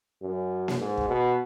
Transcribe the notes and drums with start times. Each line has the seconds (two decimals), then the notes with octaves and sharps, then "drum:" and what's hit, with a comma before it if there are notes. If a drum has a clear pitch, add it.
0.22 F#2
0.68 drum: snare A#3
0.80 G#2
0.97 drum: kick
1.08 B2